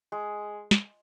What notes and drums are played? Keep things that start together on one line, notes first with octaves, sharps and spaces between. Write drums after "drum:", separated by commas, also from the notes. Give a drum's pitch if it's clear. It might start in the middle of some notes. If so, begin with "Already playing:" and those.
G#3
drum: snare